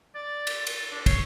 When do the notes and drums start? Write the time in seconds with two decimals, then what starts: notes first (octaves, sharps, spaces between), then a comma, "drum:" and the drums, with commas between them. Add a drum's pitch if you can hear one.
0.15 D5 A6
0.47 drum: cymbal
0.67 drum: cymbal
0.92 D4
1.06 C#5 C7, drum: kick, cymbal